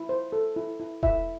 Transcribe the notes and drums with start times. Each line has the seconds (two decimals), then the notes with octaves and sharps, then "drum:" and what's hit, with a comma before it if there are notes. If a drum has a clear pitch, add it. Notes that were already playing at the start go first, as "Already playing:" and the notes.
Already playing: E4
0.09 C5
0.33 A4
0.56 E4
0.80 E4
1.03 E4 E5, drum: kick E1